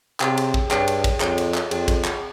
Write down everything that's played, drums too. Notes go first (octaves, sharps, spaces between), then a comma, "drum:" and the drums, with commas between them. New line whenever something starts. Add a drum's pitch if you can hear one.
C3 G#4 C#5 G5, drum: clap
drum: cymbal
drum: kick
G2 G#4 C#5 G5, drum: clap
drum: cymbal
drum: kick, cymbal
F2 G#4 C#5 G5, drum: clap
drum: cymbal
drum: clap
F2 G#4 C#5 G5, drum: cymbal
drum: kick, cymbal
drum: clap